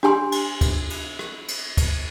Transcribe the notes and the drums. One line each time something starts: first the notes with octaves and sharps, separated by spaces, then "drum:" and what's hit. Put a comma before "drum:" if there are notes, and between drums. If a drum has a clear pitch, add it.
D4 G4 G#5 C6, drum: rim click
drum: cymbal
drum: kick, cymbal
drum: cymbal
drum: rim click
drum: cymbal
drum: kick, cymbal